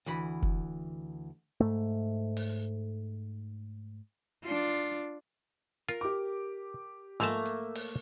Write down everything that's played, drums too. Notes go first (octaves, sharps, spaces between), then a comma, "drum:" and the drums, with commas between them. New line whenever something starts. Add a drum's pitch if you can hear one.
D2 E3 B5
drum: kick
G#2 A3
drum: open hi-hat
D4 F4
F4 A#4
G4 D6
G#2 F3 A3 A#3 A5 A#5 E6, drum: hi-hat
drum: hi-hat
drum: open hi-hat